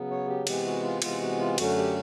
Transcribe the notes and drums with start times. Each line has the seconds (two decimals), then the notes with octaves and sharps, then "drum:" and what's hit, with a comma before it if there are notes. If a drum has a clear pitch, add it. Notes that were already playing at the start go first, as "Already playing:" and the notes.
Already playing: C#3 F#3 B3
0.10 C#5
0.28 G4
0.47 C3 E3 G#3 B3 G4, drum: cymbal
0.65 F#4
0.83 F4
1.02 C3 E3 G#3 B3 F4, drum: cymbal
1.21 F#4
1.38 F4
1.58 F#2 D3 F#3 A3 C#4 F#4, drum: cymbal
1.76 G4